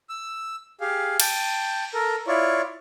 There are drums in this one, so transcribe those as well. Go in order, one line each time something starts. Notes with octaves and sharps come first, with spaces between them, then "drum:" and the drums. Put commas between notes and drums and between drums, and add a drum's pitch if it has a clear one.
E6
G4 G#4 F5
G5 A5, drum: cymbal
A4 A#4
E4 F4 C#5 D5